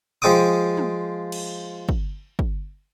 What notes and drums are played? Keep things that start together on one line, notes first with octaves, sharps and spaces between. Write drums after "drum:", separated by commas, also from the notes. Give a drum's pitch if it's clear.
F3 G#3 G5 D6 D#6
drum: tom
drum: cymbal
drum: kick
drum: kick